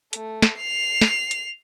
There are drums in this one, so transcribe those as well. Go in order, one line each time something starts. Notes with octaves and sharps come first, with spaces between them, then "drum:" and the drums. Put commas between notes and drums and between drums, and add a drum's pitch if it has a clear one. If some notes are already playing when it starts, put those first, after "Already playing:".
A3, drum: hi-hat
drum: snare
C7 F7
drum: snare
drum: hi-hat